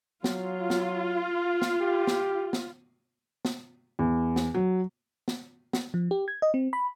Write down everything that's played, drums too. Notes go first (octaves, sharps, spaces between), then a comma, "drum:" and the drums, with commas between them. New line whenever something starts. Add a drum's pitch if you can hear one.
F#3 F4, drum: snare
drum: snare
drum: snare
G4
drum: snare
drum: snare
drum: snare
E2
drum: snare
F#3
drum: snare
drum: snare
F3
G4
G#6
D#5
C4
B5